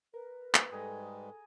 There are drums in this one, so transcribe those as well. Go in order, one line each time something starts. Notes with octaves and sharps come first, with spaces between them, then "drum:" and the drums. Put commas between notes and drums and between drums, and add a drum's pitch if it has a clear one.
A#4 B4
drum: clap
G#2 G3 G#3 G#4 A4 G#5 A#5